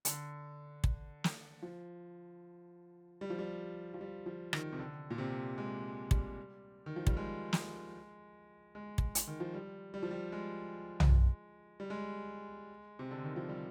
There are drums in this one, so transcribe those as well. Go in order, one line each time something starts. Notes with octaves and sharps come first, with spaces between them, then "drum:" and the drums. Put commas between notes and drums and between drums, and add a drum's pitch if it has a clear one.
D3, drum: hi-hat
drum: kick
drum: snare
F3
G3
F3
G3
F3
G3
F3
D#3, drum: rim click
C3
D3
A#2
C3
G#3
G3, drum: kick
D#3
F3
G3, drum: kick
G#3
drum: snare
G#3
drum: kick
drum: hi-hat
D#3
F3
G3
G3
F3
G3
G#3
drum: tom
G3
G#3
C3
D3
D#3
F3
G3